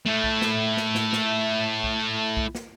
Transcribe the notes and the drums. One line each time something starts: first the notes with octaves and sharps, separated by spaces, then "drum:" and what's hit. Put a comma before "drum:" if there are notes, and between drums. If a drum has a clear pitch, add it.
A3 E4
drum: kick B1
drum: snare
drum: snare
drum: snare
drum: snare
drum: kick B1
drum: kick B1
drum: snare